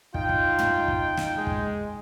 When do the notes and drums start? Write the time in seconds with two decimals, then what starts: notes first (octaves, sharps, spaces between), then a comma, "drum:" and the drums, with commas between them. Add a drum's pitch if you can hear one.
0.14 D#4 F4 G5, drum: kick
0.29 drum: kick
0.58 drum: tom
0.88 drum: kick
1.17 drum: snare
1.37 G#3
1.47 drum: kick